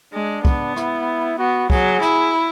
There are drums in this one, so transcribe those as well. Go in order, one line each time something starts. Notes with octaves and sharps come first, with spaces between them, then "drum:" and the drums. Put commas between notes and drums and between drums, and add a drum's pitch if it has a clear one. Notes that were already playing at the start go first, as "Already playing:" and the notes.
G#3 D4
B3, drum: kick
E4, drum: rim click
B3 F#4
F#3 G#4, drum: kick
E4, drum: rim click